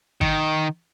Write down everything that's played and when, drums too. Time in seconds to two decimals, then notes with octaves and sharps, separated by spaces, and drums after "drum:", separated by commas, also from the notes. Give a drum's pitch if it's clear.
0.21 D#3, drum: kick G1